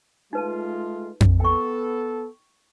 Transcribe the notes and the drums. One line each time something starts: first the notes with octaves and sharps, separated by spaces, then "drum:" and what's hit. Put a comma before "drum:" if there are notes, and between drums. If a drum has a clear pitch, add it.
G#3 A3 D#4 F4 B4 A5
drum: tom F2
B3 A4 G5 C#6